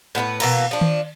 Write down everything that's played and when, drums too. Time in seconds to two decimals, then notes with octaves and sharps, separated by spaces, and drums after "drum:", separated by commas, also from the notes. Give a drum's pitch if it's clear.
0.15 A2 B3 E4 B4
0.40 B2 E3 A#3, drum: cymbal
0.71 F3 D4
0.81 drum: tom D#3